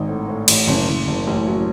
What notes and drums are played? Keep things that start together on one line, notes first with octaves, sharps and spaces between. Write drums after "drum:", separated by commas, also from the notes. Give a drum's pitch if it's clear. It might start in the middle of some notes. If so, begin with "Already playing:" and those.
Already playing: G#1 D#4
A2
A2
A1, drum: cymbal
F#1 C#4
F#1
F#1
A1
F#3